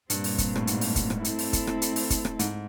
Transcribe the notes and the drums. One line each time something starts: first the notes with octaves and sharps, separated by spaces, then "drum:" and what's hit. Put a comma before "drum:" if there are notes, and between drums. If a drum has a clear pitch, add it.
G2 A#2 G3 C4, drum: hi-hat
drum: open hi-hat
drum: kick, hi-hat
A2, drum: rim click
G#2, drum: hi-hat
drum: open hi-hat
drum: kick, hi-hat
drum: rim click
A3 C4 E4 A4, drum: hi-hat
drum: open hi-hat
drum: kick, hi-hat
drum: rim click
drum: hi-hat
drum: open hi-hat
drum: kick, hi-hat
drum: rim click
G#2, drum: hi-hat